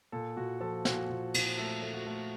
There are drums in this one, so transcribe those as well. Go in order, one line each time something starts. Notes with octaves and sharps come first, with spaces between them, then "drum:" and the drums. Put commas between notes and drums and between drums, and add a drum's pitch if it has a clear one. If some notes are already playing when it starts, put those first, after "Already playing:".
A#2 A4
A#2 F#4
F3 A4
A#2 F#4, drum: snare
A#2
A#2, drum: cymbal
A3 A4
A3
F#4
A3